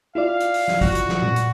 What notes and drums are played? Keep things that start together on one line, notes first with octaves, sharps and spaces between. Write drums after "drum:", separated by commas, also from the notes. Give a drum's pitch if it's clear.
E4 F4 D5 F5
drum: hi-hat
drum: open hi-hat
drum: snare
F#4, drum: kick, open hi-hat
drum: hi-hat
drum: snare
drum: tom A#2
drum: hi-hat